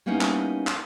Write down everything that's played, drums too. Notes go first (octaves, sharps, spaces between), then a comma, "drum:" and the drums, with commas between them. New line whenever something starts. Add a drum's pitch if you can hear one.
G3 A#3 B3 C#4 D#4 E4
drum: clap
drum: clap